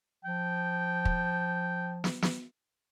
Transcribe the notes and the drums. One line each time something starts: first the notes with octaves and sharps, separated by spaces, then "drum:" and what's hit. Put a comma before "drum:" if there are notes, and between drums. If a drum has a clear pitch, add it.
F3 G5
drum: kick
drum: snare
drum: snare